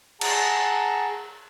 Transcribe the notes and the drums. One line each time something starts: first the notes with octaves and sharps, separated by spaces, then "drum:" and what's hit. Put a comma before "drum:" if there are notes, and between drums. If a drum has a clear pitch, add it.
G#4 F#5 A5 A#5, drum: cymbal